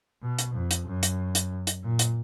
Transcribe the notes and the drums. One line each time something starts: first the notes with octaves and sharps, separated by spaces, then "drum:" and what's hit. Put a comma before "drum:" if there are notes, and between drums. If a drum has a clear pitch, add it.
B2
drum: hi-hat
F2
drum: hi-hat
F#2
drum: hi-hat
drum: hi-hat
drum: hi-hat
A#2
drum: hi-hat